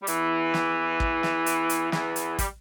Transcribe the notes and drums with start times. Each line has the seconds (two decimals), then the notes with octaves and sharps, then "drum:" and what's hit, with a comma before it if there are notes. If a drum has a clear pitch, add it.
0.02 G3
0.07 E2 E3, drum: hi-hat
0.54 drum: snare
1.00 drum: kick
1.23 drum: snare
1.46 drum: hi-hat
1.69 drum: hi-hat
1.92 E2 E3, drum: snare
2.16 drum: hi-hat
2.39 G3, drum: kick, hi-hat